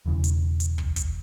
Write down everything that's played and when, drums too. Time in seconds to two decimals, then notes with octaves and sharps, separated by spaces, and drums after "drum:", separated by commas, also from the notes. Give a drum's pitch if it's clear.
0.06 E1 E2 C#3 E3
0.24 drum: hi-hat
0.60 drum: hi-hat
0.78 drum: kick
0.96 drum: kick, hi-hat